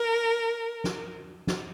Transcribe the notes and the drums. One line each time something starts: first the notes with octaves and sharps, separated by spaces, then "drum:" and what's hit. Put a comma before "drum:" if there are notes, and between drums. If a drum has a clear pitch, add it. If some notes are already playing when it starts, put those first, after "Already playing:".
Already playing: A#4
drum: snare
drum: snare